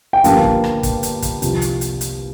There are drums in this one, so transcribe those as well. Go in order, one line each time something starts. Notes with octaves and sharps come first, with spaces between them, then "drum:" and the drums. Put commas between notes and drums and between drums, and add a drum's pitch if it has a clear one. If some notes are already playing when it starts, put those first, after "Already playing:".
G5
G1 G2 F3 A#3 F5 A5, drum: hi-hat
drum: kick
drum: rim click
drum: kick, hi-hat
drum: hi-hat
drum: kick, hi-hat
C2 C3 F3, drum: hi-hat
drum: hi-hat
drum: hi-hat
drum: hi-hat